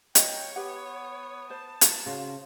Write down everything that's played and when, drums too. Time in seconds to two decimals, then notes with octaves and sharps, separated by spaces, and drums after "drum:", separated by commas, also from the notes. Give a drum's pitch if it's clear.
0.15 C#5 D#5 G5, drum: hi-hat
0.56 B3 G4 B4 F#5
1.50 C5 A5
1.81 drum: hi-hat
2.06 C#3 F#4 C5 F5